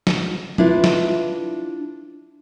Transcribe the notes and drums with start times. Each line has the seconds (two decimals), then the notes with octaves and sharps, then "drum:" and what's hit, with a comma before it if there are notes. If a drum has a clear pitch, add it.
0.07 drum: snare
0.58 D4 E4 F4 B4, drum: tom F3
0.84 drum: snare